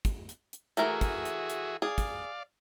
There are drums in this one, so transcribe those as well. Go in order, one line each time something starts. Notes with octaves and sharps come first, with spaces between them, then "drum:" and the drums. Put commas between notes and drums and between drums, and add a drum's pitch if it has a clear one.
drum: kick, hi-hat
drum: hi-hat
drum: hi-hat
E3 A3 F#4 G#4 A#4 E5, drum: hi-hat
drum: kick, hi-hat
drum: hi-hat
drum: hi-hat
G#4 D5 F5
drum: kick, hi-hat